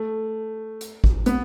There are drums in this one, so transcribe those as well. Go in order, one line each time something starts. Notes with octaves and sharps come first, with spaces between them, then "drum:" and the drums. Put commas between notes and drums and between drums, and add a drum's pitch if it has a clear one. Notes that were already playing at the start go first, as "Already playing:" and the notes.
Already playing: A3
drum: hi-hat
drum: kick
B3, drum: hi-hat